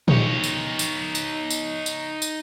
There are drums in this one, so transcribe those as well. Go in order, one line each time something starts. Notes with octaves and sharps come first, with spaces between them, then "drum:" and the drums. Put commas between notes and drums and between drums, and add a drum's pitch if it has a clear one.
D#4 C#5, drum: tom
drum: tambourine
drum: tambourine
drum: tambourine
drum: tambourine
drum: tambourine
drum: tambourine